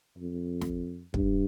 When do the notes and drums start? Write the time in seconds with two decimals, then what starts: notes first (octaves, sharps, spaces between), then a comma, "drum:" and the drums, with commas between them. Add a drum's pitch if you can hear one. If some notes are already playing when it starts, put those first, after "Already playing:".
0.18 F2
0.61 drum: snare
1.14 G2, drum: kick